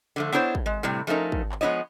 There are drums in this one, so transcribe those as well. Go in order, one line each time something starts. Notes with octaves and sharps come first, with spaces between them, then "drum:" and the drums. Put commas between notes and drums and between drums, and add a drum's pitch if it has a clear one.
D3 F3 A3
B3 D4 E4 C5 C#5
drum: kick
G#3
A2 C3 G3
F3 A3 C#4 D#4 A#4
drum: kick
drum: clap
F3 G#3 B3 E4 C#5 D#5